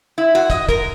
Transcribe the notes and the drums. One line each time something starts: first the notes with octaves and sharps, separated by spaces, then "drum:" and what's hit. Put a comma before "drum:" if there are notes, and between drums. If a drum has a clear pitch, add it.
E4
F#4
D#5, drum: kick, hi-hat
A#4, drum: kick, hi-hat